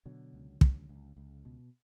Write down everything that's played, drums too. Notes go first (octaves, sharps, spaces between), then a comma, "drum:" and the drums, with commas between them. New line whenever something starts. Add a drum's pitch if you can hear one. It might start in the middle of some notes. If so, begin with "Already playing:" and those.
B2 D3 F#3
C#2
C#2, drum: kick
C#2
C#2
B2